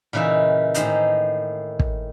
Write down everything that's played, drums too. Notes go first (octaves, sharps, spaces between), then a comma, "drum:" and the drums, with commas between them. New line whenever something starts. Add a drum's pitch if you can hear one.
A#2 C#3 E3 D#4 E5
A2 D#3 G#4 C5 A#5, drum: hi-hat
drum: kick